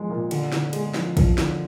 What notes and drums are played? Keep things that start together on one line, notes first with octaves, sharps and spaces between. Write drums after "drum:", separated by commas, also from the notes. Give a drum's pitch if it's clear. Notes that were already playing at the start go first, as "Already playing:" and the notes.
Already playing: F3 G#3
A#2
D3, drum: cymbal
D3, drum: snare
G#3, drum: cymbal
F3, drum: snare
F3, drum: kick, cymbal
D3, drum: snare